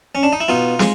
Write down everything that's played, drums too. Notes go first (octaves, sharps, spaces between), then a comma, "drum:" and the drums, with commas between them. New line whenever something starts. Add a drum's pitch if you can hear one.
C#4
D4
D#4
E4
B2 D#4 F4
G#3, drum: snare